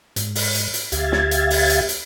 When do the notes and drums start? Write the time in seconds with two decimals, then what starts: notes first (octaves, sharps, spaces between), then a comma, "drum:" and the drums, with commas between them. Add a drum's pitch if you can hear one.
0.16 G#2, drum: hi-hat
0.35 drum: open hi-hat
0.55 drum: hi-hat
0.74 drum: hi-hat
0.92 D2 G4 E5 F5 G#6 A6, drum: hi-hat
1.12 drum: snare
1.31 drum: hi-hat
1.50 drum: open hi-hat
1.70 drum: hi-hat
1.89 drum: hi-hat